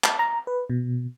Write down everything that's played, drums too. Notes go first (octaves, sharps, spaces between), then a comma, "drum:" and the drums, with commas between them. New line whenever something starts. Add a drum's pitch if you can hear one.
A5, drum: clap
A#5
B4
B2